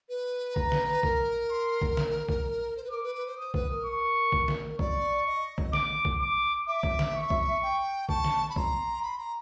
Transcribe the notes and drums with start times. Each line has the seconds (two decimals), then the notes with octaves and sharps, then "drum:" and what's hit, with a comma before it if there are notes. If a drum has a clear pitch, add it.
0.09 B4
0.56 A#5, drum: kick
0.72 drum: snare
1.03 A#4, drum: kick
1.50 C6
1.82 drum: kick
1.97 drum: snare
2.29 drum: kick
2.77 C5
2.84 B4
2.91 A#4 D6
3.03 B4
3.15 B4
3.27 C5
3.38 C5 D#6
3.54 B4, drum: kick
3.70 A#4
3.85 C#6
4.32 drum: kick
4.48 drum: snare
4.79 D5 C#6, drum: kick
5.26 D#5
5.58 drum: kick
5.73 D6, drum: snare
6.05 drum: kick
6.20 D6
6.67 E5 D6
6.83 drum: kick
6.99 drum: snare
7.15 C#6
7.30 drum: kick
7.62 G5
8.09 A5 C#6, drum: kick
8.24 drum: snare
8.50 B5
8.56 A#5 C6, drum: kick
9.03 B5
9.18 A#5